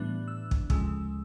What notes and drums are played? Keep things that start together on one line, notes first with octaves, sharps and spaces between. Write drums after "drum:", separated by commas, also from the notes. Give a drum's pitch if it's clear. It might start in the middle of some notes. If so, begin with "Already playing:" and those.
Already playing: A2 E3 G3 B3 D4 F#6
E6
drum: kick
D2 C#3 F3 G#3 E6, drum: kick